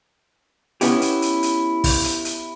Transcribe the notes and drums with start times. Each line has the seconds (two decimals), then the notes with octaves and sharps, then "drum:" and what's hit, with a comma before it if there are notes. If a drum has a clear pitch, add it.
0.81 B3 C#4 E4 G4, drum: hi-hat
1.02 drum: hi-hat
1.22 drum: hi-hat
1.43 drum: hi-hat
1.84 drum: kick, open hi-hat
2.04 drum: hi-hat
2.25 drum: hi-hat